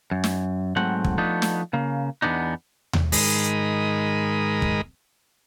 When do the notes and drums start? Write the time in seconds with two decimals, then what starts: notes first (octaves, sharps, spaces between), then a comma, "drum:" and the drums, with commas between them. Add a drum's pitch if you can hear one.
0.11 F#2
0.24 drum: snare
0.76 G#2 F#3 A3 C4 F#5
1.05 drum: kick
1.18 F3 A3 B3 D4 D#4
1.42 drum: snare
1.73 C#3 A#3
2.22 E2 B2 B3 D4 D#4
2.93 drum: tom D#2
3.12 G#2 D#3 G#3 A#4 B5 D#6, drum: open hi-hat
4.62 drum: kick